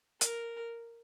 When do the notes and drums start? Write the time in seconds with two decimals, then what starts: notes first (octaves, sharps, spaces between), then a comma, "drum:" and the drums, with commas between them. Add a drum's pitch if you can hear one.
0.21 A#4, drum: hi-hat